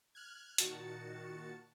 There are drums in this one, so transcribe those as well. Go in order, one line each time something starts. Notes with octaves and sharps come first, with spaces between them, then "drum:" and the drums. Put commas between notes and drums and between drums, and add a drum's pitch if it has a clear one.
F6 F#6 G#6
A#2 D#3 F#4 A5 A6 C#7, drum: hi-hat